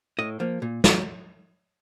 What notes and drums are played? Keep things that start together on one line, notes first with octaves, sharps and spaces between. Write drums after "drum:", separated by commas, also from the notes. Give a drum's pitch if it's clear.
A2 D#5
F3 A#3
A#2
F#3 A3, drum: snare